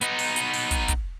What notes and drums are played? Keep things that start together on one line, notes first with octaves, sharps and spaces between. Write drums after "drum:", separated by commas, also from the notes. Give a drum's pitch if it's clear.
B3 D#4, drum: hi-hat
drum: open hi-hat
drum: hi-hat
drum: open hi-hat
drum: kick, hi-hat
drum: kick, hi-hat